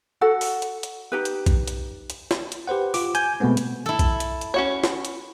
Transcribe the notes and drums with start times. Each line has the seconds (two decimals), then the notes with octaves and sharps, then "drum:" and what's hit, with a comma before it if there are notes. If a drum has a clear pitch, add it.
0.21 F#4 A4 F#5
0.41 drum: open hi-hat
0.62 drum: hi-hat
0.83 drum: hi-hat
1.12 D#4 G4 B4
1.25 drum: hi-hat
1.46 drum: kick A#1, hi-hat
1.68 drum: hi-hat
2.10 drum: hi-hat
2.31 drum: snare
2.52 drum: hi-hat
2.68 G4 B4 C5 F#5
2.94 F4 D6, drum: open hi-hat
3.15 G#5 G6, drum: hi-hat
3.40 B2 G#3 A3 B3 C4
3.57 drum: hi-hat
3.86 E4 A4
3.99 drum: kick A#1, hi-hat
4.20 drum: hi-hat
4.41 drum: hi-hat
4.54 C#4 F#4 C#5
4.84 drum: snare
5.05 drum: hi-hat